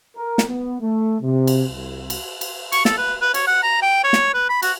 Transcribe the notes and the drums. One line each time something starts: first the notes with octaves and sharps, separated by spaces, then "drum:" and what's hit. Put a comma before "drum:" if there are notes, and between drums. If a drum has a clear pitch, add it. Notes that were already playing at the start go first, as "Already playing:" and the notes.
A#4
drum: snare
B3
A3
C3
drum: cymbal
C2
drum: cymbal
drum: cymbal
C#6, drum: cymbal
A4, drum: snare
B4
B4
C#5, drum: cymbal
F#5
A#5
G5
C#5
drum: snare
B4
B5
F#4, drum: cymbal